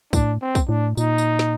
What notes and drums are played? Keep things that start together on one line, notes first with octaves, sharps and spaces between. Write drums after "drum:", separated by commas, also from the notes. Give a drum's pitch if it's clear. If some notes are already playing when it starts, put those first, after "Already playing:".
A2 D4, drum: kick, tambourine
C4
drum: kick, tambourine
A2 D4
A#2 D#4, drum: tambourine
drum: tambourine
drum: snare